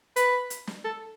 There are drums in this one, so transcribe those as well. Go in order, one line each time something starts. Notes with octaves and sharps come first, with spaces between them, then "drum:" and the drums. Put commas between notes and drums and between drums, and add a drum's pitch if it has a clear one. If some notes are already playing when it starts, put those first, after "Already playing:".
B4, drum: hi-hat
drum: hi-hat
drum: snare
A4